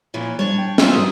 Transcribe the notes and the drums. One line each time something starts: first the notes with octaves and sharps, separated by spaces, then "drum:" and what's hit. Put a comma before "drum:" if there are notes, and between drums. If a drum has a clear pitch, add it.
A#2 E3 F3 C#5
G3 D4 C#5
G5
E3 G3 F4 E6, drum: snare
G#2 B2 F#3 D#6